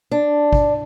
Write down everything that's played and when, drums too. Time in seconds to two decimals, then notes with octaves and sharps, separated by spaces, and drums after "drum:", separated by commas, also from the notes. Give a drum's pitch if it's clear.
0.11 D4
0.53 drum: kick